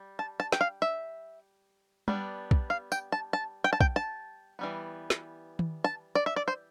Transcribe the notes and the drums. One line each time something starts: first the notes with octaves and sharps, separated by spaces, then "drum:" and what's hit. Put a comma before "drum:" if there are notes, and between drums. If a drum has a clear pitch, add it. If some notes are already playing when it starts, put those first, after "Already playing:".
Already playing: G3
A5
A5
G5, drum: snare
F5
E5
G3 B3 D4, drum: tom G3
drum: kick
F5
G5, drum: tambourine
A5
A5
G5
A5
G5, drum: kick
A5
E3 G3 B3
drum: snare
drum: tom D#3
A5
D5
E5
D5
C5